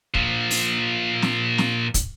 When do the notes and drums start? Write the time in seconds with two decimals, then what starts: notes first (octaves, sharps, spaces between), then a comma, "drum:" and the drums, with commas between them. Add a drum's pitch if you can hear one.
0.15 A#2 F3, drum: kick
0.51 drum: open hi-hat
1.22 drum: snare
1.58 drum: snare
1.94 drum: kick, hi-hat